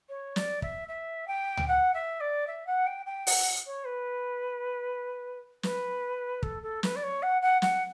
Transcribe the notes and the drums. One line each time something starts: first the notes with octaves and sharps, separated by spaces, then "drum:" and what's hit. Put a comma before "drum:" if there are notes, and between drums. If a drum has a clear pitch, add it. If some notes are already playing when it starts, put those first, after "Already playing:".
C#5
D5, drum: snare
E5, drum: kick
E5
G5
drum: tom C#2
F#5
E5
D5
E5
F#5
G5
G5
F#5, drum: open hi-hat
C#5
B4
B4, drum: snare
A4, drum: kick
A4
B4, drum: snare
D5
C#5
F#5
F#5
F#5, drum: snare